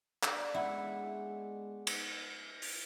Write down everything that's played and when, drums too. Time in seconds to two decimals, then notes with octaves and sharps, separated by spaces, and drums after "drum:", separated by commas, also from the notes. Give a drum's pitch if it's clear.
0.23 A3 D4, drum: clap
0.54 G#3 B3 E4 F#5
1.87 drum: cymbal
2.62 drum: open hi-hat